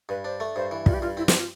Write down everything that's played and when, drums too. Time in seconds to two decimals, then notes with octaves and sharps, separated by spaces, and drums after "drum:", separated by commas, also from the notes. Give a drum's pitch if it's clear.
0.09 G2 B4
0.25 D4 C5
0.40 A3
0.56 G2 C5
0.71 E3
0.86 G2 F4, drum: kick
0.94 G4
1.02 G2 F4
1.17 C4 E4
1.28 E4, drum: snare
1.33 C4
1.38 F4